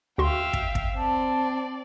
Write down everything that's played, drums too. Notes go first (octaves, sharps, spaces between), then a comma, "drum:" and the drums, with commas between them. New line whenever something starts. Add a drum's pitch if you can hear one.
D2 F#4 E5 F5 G5 C6
drum: kick
drum: kick
C4 D5 A5